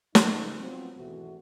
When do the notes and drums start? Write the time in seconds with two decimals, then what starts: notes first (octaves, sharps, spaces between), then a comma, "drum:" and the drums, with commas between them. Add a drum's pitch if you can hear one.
0.15 G#2 C#3 F#3 D#4, drum: snare
0.58 F3 F#3 B3 C4
0.96 G#1 E2 B2 E3 A3 F#4